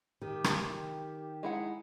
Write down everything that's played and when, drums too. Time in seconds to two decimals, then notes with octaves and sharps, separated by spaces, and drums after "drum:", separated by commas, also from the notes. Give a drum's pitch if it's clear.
0.21 D#3 G4
0.44 drum: rim click
1.43 G#3 D#4 E4 F#5